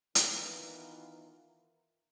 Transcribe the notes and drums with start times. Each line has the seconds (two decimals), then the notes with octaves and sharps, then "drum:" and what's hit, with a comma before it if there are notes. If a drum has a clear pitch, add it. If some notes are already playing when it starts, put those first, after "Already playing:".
0.15 D#3 E3 B3 F4 A#4, drum: hi-hat